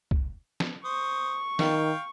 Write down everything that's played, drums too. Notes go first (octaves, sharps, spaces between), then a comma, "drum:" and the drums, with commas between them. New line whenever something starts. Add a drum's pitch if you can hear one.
drum: kick C2
drum: snare
C5 C#6 D#6
D#3 F5 G5, drum: snare